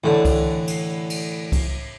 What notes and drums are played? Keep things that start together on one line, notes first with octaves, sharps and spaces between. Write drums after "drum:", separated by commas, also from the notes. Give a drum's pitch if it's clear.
A2 D3 E3 A4
drum: kick C2, cymbal
drum: cymbal
drum: cymbal
drum: kick C2, cymbal